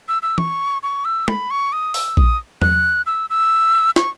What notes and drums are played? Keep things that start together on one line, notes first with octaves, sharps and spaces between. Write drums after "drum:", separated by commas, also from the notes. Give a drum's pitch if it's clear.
E6
E6
C#6, drum: tom
C#6
E6
B5, drum: tom
C#6
D#6
E6, drum: open hi-hat
D#6, drum: kick A#1
F#6, drum: tom E2
E6
E6
C#6, drum: snare